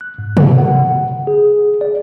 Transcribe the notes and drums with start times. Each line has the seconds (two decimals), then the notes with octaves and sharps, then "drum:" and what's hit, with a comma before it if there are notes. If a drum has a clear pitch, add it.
0.01 F#6
0.18 G#2
0.37 drum: tom
0.58 F#5
1.27 G#4
1.81 D5